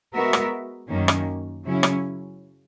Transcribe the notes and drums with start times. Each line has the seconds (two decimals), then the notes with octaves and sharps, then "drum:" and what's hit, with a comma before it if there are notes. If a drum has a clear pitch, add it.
0.14 G#3 B3 F#4 A#4 E5
0.33 drum: rim click
0.89 F#2 D#3 A#3 C#4
1.08 drum: rim click
1.64 C#3 F#3 C#4 E4
1.83 drum: rim click